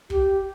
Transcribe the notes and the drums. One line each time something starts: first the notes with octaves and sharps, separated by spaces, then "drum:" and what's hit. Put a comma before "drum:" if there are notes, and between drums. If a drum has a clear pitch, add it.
G4, drum: kick